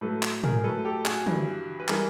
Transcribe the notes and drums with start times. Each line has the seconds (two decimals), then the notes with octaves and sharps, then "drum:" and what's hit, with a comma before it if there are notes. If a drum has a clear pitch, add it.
0.01 A2 F#3 A4 B4
0.23 drum: clap
0.44 G#4 A#4, drum: tom
0.64 A2 F#3 A4 B4
0.84 G4 A4
1.05 F#4 G#4, drum: clap
1.27 G2 E3 G3, drum: tom
1.80 B4
1.88 E3 G3 G#4 A#4, drum: clap